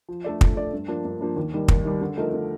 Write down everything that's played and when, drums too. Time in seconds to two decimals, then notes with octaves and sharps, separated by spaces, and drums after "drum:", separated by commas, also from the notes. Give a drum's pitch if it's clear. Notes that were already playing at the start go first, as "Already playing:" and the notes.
0.09 F3
0.24 A3 D4 A4 D5
0.41 F3, drum: kick
0.56 A3 D4 A4 D5
0.73 G2
0.88 F3 A#3 D4
1.05 G2
1.21 F3 A#3 D4
1.36 D#2
1.53 D#3 G3
1.68 D#2, drum: kick
1.85 D#3 G3
2.01 D3
2.17 F3 A3 D#4 A#4
2.34 D3